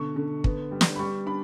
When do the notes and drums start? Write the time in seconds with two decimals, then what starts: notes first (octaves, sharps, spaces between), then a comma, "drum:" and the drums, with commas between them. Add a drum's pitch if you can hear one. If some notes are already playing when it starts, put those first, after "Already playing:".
Already playing: B2 D3 C#6
0.16 D3
0.44 B3, drum: kick
0.71 G3
0.81 drum: snare
0.96 B5
0.99 G3 C#6
1.26 D4 B5